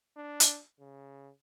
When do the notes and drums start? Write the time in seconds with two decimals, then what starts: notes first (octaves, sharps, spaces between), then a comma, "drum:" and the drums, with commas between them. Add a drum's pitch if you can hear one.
0.17 D4
0.40 drum: hi-hat
0.80 C#3